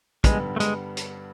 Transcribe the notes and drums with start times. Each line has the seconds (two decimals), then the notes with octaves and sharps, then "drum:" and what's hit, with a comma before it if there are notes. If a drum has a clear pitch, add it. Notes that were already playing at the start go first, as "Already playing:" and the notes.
0.24 G2 D3 G3 G#3 B3, drum: kick, hi-hat
0.56 A3
0.60 G#3, drum: hi-hat
0.97 drum: hi-hat